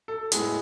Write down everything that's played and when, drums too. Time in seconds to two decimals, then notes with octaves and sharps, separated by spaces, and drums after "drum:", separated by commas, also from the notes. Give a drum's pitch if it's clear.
0.08 A4
0.32 A2 G#3 B3 G#4, drum: hi-hat